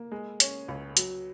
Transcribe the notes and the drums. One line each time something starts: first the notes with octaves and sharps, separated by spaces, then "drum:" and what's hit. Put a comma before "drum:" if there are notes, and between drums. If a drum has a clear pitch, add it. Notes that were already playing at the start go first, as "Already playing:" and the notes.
Already playing: A#3
G#3
C#4, drum: hi-hat
C#2
F#3, drum: hi-hat